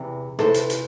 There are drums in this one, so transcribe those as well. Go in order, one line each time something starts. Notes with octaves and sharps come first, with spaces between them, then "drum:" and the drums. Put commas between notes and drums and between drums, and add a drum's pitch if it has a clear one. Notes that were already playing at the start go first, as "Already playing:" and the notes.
Already playing: E2 C3 E3
C3 E3 B3 A4 C5, drum: rim click
drum: hi-hat
drum: hi-hat